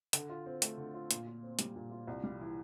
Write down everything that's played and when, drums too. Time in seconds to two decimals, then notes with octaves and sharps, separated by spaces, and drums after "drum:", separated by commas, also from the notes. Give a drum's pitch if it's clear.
0.13 D3, drum: hi-hat
0.29 F4
0.46 C4
0.62 A3, drum: hi-hat
0.78 D3
0.94 F4
1.11 A#2, drum: hi-hat
1.27 F4
1.43 C4
1.59 G3, drum: hi-hat
1.76 A#2
1.91 F4
2.07 C2
2.24 G3
2.41 E3